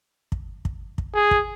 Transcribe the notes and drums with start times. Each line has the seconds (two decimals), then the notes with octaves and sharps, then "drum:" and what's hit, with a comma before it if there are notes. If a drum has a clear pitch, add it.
0.32 drum: kick
0.65 drum: kick
0.98 drum: kick
1.15 G#4
1.31 drum: kick